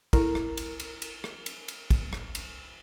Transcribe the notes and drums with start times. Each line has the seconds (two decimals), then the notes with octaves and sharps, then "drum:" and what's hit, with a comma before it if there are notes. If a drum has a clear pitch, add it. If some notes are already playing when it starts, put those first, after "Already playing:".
0.13 E4 A4 A#4, drum: kick, cymbal
0.35 drum: rim click
0.57 drum: cymbal
0.80 drum: cymbal
1.02 drum: cymbal
1.24 drum: rim click
1.46 drum: cymbal
1.68 drum: cymbal
1.91 drum: kick, cymbal
2.13 drum: rim click
2.35 drum: cymbal